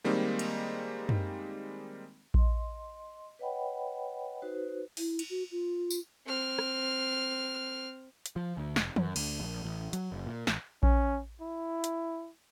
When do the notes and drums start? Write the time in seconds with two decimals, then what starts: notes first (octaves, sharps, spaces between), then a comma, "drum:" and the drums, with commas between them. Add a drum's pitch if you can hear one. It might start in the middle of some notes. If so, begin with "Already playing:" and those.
0.04 D#3 G3 G#3 A#3 C4 D#4
0.39 drum: cymbal
1.09 drum: tom F#2
2.34 D#5 C6, drum: kick A#1
3.39 B4 C#5 D#5 F#5 G5 B5
4.42 D#4 F#4 B4 C5
4.97 E4, drum: open hi-hat
5.19 drum: cymbal
5.30 F#4
5.52 F4
5.91 drum: tambourine
6.26 C4 F6
6.59 drum: rim click
8.26 drum: hi-hat
8.36 F3
8.57 D2
8.76 F1, drum: snare
8.96 F#2, drum: tom D#3
9.16 D2, drum: cymbal
9.40 A#1
9.64 A1
9.93 F#3, drum: hi-hat
10.12 F#1
10.26 A#2
10.47 A1, drum: snare
10.83 C#4, drum: kick A#1
11.41 E4
11.84 drum: hi-hat